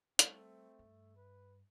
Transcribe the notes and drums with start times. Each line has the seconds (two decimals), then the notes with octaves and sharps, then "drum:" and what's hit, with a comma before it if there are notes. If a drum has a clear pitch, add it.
0.19 G3 A3 C4, drum: hi-hat
0.79 G2
1.17 B4